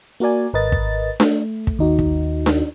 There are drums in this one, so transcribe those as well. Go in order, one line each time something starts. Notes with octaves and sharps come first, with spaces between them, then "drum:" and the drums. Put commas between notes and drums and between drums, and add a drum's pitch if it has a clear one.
A#3 F#4 A#4 D5 G#5
G#1 A#4 B4 D#5 A6
drum: kick
A3, drum: snare D4
drum: kick
D#2 D#4 F#4
drum: kick
drum: snare D4